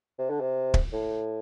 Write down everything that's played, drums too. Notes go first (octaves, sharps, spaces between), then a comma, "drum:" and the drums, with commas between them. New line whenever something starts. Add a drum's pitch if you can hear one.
C3
D3
C3
drum: kick
A2